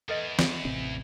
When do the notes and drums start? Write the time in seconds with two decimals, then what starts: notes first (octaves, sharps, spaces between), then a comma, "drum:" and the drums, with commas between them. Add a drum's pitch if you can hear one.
0.09 E2 A4 B4 D#5
0.39 drum: snare
0.65 A1 C3 C4